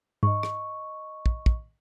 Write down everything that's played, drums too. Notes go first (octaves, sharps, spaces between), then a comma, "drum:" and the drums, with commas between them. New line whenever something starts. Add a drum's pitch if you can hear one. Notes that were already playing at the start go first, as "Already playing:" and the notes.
G#2 D#5 C#6
drum: rim click
drum: kick
drum: kick